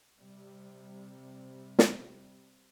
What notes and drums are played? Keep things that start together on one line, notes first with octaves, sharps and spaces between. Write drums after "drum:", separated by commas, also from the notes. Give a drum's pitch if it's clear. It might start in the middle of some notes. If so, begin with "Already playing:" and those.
C3 G3
drum: snare